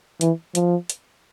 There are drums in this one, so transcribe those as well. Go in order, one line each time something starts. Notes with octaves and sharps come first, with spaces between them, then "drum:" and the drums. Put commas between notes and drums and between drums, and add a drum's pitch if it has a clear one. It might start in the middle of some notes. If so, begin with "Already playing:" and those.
E3, drum: hi-hat
F3, drum: hi-hat
drum: hi-hat